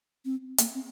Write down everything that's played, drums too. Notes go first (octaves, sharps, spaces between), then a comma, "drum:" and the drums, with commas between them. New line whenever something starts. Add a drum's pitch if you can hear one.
C4
A#3, drum: hi-hat
C4